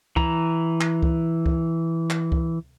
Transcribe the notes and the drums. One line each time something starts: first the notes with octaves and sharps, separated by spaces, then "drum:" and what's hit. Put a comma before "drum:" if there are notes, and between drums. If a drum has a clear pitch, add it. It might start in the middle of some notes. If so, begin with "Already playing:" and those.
E3 A#5, drum: kick C#2
drum: clap
drum: kick C#2
drum: kick C#2
drum: clap
drum: kick C#2